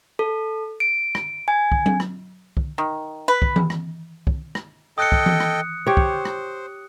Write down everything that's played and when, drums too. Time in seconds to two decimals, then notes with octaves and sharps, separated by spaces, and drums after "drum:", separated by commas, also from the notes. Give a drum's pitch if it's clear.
0.19 A4
0.80 D7
1.15 drum: rim click
1.48 G#5
1.72 drum: kick
1.86 drum: tom F#3
2.00 drum: rim click
2.57 drum: kick
2.78 D#3
3.28 B4
3.42 drum: kick
3.56 drum: tom E3
3.70 drum: rim click
4.27 drum: kick
4.55 drum: rim click
4.98 A4 D#5 G5 D#6 F#6 C#7
5.12 drum: kick
5.26 drum: tom E3
5.40 drum: rim click
5.87 G4 C5 C#5
5.97 drum: kick
6.25 drum: rim click